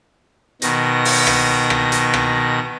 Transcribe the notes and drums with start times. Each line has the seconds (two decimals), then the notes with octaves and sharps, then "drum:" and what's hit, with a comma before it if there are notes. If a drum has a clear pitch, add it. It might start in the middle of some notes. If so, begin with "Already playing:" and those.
0.62 B2 D#3 A#6, drum: hi-hat
1.05 drum: open hi-hat
1.27 drum: rim click
1.70 drum: rim click
1.92 drum: hi-hat
2.14 drum: rim click